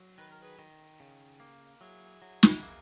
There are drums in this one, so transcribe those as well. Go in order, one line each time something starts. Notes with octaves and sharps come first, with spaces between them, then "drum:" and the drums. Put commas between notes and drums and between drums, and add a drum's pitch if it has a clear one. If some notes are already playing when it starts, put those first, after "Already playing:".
Already playing: F#3
D#3 B4
A#4
G#4 B4
D#3
C#3
A#3
F#3 E4 G#4
F#3
drum: snare
A#3